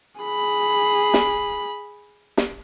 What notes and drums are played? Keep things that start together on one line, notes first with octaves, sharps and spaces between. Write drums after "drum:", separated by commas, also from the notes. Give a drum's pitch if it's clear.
G#4 B5
drum: snare
drum: snare